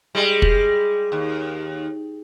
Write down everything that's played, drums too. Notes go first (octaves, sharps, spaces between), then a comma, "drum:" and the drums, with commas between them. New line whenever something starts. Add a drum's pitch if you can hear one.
G3 G#3
drum: kick
D#2